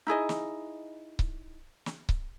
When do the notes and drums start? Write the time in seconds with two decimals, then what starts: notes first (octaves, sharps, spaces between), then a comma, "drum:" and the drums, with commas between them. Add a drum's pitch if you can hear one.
0.07 D#4 E4 G#4 D#5
0.29 drum: snare
1.19 drum: kick C#1
1.86 drum: snare
2.09 drum: kick C#1